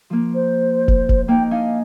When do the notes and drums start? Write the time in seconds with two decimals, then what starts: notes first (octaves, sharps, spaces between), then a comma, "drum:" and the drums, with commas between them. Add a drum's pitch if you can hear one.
0.10 F3 A#3
0.34 C5
0.88 drum: kick
1.09 drum: kick
1.28 A#3 D#4 G5
1.51 D4 D#4 F5 G#5